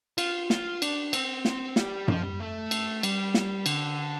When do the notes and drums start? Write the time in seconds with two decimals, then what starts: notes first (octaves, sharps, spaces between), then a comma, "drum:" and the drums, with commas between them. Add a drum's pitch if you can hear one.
0.18 F4, drum: cymbal
0.50 F4, drum: snare
0.82 D4, drum: cymbal
1.13 C4, drum: cymbal
1.45 drum: snare
1.76 G3, drum: snare
2.08 F3, drum: tom F#2
2.24 G3
2.40 A3
2.71 drum: cymbal
3.03 G3, drum: cymbal
3.34 drum: snare
3.66 D3, drum: cymbal